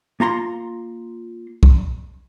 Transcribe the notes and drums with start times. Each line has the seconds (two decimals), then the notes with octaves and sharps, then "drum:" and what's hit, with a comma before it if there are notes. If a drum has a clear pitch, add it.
0.20 A#3 F4 A#5 C6
1.63 drum: kick B1